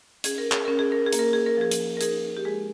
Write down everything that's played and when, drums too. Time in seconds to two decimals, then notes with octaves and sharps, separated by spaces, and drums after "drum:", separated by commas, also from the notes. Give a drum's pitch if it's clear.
0.24 C#4 G#4, drum: hi-hat
0.38 A#4
0.52 G#4, drum: clap
0.65 C#4 A#4
0.79 G#4
0.92 A#4
1.07 G#4
1.13 A#3, drum: hi-hat
1.19 A#4
1.33 G#4
1.46 A#4
1.57 F3 G#4
1.71 drum: hi-hat
1.97 A#4
2.01 D#4 G#4, drum: hi-hat
2.37 G4
2.45 G#3 G#4